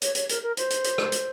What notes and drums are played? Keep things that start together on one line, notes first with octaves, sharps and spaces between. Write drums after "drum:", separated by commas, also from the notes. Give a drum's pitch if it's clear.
C#5, drum: hi-hat
C#5, drum: hi-hat
A#4, drum: hi-hat
A#4
C5, drum: hi-hat
drum: hi-hat
drum: hi-hat
drum: rim click
drum: hi-hat